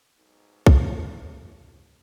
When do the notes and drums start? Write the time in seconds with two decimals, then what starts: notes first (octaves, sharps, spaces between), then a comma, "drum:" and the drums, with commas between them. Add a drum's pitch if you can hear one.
0.16 B1 G#2
0.66 drum: kick